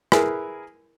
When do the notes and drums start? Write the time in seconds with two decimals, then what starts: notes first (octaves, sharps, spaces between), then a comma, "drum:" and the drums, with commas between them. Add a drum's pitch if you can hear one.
0.12 E4 G#4 A#4 B4 G#5, drum: rim click